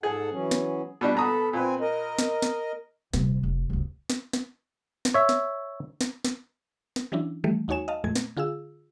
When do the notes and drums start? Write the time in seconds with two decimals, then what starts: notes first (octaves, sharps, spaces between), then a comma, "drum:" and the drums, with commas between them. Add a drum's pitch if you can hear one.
0.03 G#2 G#4 A4 F#5
0.33 E3 F#3 C#4
0.51 drum: snare
1.01 B2 G3 D4
1.15 B2 A4 B4 A#5 D#6
1.53 A#2 C4 B4 G#5
1.81 A#4 D#5
2.19 drum: snare
2.42 drum: snare
3.13 D#1 C3, drum: snare
3.43 F1
3.70 F1 D2
4.10 drum: snare
4.33 drum: snare
5.05 drum: snare
5.14 C#5 E5
5.29 drum: snare
6.01 drum: snare
6.24 drum: snare
6.96 drum: snare
7.12 E3 F#3 C#4 D4 E4
7.44 D#3 E3 G3 A3
7.68 D#2 D#4 F#4 C#5 G#5 E7
7.88 D#5 F5 A5
8.04 F2 A#2 G#3 A3 G#6
8.16 drum: snare
8.37 D3 F4 G#4 F5 E6